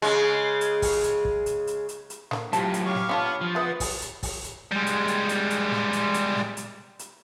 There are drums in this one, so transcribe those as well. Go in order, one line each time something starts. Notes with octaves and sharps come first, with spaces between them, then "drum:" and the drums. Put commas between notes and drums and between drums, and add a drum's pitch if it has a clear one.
C#3 G#3
drum: hi-hat
drum: kick, open hi-hat
drum: hi-hat
drum: kick
drum: hi-hat
drum: hi-hat
drum: hi-hat
drum: hi-hat
D3 F#3 A#3, drum: snare
F#2 A2 F4 G4 C5 A5, drum: hi-hat
drum: hi-hat
G4 C#5 F5 C#6 F6
drum: snare
B3 D4 F4 A4
F3
G#3 B3 B4 E5 F#5
drum: kick, open hi-hat
drum: hi-hat
drum: kick, open hi-hat
drum: hi-hat
G3 G#3
drum: hi-hat
drum: hi-hat
drum: hi-hat
drum: hi-hat
drum: snare
drum: hi-hat
drum: hi-hat
drum: snare
drum: hi-hat
drum: hi-hat